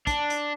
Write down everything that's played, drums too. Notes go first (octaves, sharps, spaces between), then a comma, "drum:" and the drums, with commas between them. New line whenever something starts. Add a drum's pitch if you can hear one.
D4, drum: kick, hi-hat
drum: hi-hat